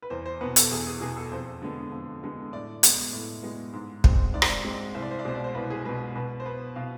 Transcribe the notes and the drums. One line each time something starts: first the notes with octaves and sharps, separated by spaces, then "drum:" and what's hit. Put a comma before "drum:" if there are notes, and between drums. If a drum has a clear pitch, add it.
B4
E2 C5
C5
B2 B3 B4
A4, drum: hi-hat
E2 G#4
G#4
B2 B3 G#4
A4
F2 C5
D3 G#3 B3
F2
D3 G#3 B3
A2 D5
G#3 B3, drum: hi-hat
A2
G#3 B3
G#2
G#3 C4, drum: kick
G#2 D5
C5, drum: rim click
D5
G#3 C4
C2 C5
D5
C5
D5
B2 G#3 C5
D5
C5
C2 B4
G#4
B2 G#3 B4
B2 B4
C5
B3 B4
B2 F5